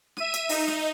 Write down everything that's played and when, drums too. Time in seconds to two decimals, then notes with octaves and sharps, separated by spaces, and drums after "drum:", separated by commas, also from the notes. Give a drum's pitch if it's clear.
0.17 E5 D#7, drum: snare
0.34 drum: hi-hat
0.49 D#4, drum: open hi-hat
0.68 drum: snare